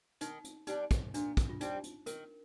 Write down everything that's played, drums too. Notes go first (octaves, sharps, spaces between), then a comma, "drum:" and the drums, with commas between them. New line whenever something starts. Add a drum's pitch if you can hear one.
D#3 D#4, drum: hi-hat
drum: hi-hat
G3 D4 D#4, drum: hi-hat
drum: kick, hi-hat
A#2 D4, drum: hi-hat
drum: kick, hi-hat
F4
G3 C4 D#4, drum: hi-hat
drum: hi-hat
D#3 A#4, drum: hi-hat